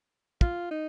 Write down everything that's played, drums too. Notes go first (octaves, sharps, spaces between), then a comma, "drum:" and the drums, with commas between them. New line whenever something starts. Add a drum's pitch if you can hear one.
F4, drum: kick
D#4